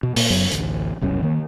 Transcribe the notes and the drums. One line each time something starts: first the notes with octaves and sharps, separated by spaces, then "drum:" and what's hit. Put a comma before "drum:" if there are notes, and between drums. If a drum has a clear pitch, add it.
B2
A#2 A#3, drum: open hi-hat
F#1 F#2 F#3 B3
A1 D2, drum: hi-hat
E1 C2 F#2 C#4
D#3 A#3